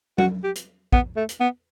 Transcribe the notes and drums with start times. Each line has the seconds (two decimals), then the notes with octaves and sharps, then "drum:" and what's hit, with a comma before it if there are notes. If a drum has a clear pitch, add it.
0.18 F#4, drum: tom F#3
0.44 G4
0.56 drum: hi-hat
0.93 B3, drum: kick
1.16 A3
1.29 drum: hi-hat
1.40 B3